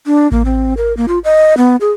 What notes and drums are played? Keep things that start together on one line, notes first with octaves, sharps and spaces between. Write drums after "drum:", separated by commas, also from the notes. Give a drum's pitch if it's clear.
D4
A#3, drum: kick A1
C4
A#4
A#3
F4
D#5
B3
G#4